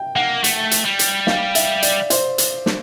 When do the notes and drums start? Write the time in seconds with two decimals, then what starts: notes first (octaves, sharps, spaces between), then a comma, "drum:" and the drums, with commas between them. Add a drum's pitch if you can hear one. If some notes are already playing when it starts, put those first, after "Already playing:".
Already playing: G5
0.16 A#3 F#5
0.44 A3, drum: hi-hat
0.71 drum: hi-hat
0.86 G3
0.99 drum: hi-hat
1.27 F5, drum: snare
1.55 E5, drum: hi-hat
1.82 D5, drum: hi-hat
2.10 C5, drum: hi-hat
2.38 drum: hi-hat
2.66 drum: snare